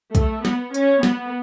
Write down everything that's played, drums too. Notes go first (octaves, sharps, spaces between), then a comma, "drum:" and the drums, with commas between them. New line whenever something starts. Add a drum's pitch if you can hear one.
A3, drum: kick, hi-hat
B3, drum: snare
C#4, drum: hi-hat
B3, drum: snare